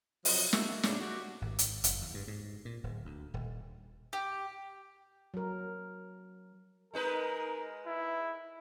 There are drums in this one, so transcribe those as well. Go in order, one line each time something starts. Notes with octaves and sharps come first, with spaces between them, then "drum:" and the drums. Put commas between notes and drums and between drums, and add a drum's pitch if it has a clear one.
C3 F3 F#3 D#5, drum: open hi-hat
D3 A#3 F#4 E5, drum: snare
A2 C#3 D4, drum: snare
F#4 G4
G#1
drum: hi-hat
F#1, drum: hi-hat
E2
G2
G#2
A#2
D1
D2
D#1
G4
F#3 A#4
G#3 D#4 A#4 B4
E4